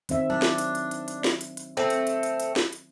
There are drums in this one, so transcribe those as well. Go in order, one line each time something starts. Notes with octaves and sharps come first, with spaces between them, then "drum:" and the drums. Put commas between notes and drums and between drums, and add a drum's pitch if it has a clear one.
D#3 C4 E5, drum: hi-hat
F#3 D4
drum: snare
drum: hi-hat
drum: hi-hat
drum: hi-hat
drum: hi-hat
drum: snare
drum: hi-hat
drum: hi-hat
A3 C4
drum: hi-hat
drum: hi-hat
drum: hi-hat
drum: hi-hat
drum: snare
drum: hi-hat